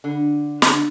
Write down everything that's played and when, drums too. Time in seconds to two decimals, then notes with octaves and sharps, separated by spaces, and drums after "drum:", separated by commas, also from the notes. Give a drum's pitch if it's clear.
0.04 D3
0.62 D3, drum: snare
0.74 D3